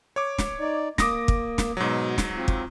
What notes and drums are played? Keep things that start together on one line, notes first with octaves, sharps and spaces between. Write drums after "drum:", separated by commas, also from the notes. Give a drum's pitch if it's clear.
C#5 D6
drum: snare
D#4 D5
A#3 D6 D#6 A#6, drum: snare
drum: kick
drum: snare
G#2 B2 F#3
drum: snare
C4 F4
drum: kick